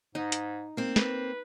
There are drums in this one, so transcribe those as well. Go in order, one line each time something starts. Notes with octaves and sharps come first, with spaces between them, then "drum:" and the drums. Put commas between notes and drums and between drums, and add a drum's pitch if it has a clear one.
G#2 D#4
drum: hi-hat
A#3 C4
B4, drum: snare